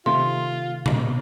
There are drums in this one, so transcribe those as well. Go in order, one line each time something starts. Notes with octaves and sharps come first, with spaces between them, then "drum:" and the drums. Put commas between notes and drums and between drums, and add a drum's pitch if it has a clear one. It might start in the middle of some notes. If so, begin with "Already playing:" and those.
C3 D#3 A3 F4 C6
drum: tom B2